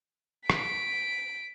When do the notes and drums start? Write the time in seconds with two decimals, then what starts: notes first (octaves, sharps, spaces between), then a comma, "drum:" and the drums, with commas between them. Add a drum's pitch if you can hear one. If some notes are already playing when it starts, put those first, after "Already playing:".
0.50 B6 D7, drum: rim click